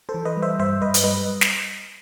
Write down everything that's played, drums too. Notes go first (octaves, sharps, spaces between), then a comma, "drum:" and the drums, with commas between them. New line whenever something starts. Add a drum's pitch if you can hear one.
A4 C5
E3
B4 D#5
G3
C5 E5
G2 C5 E5
G2 B4 D#5
drum: hi-hat
G3 B4 D#5
drum: snare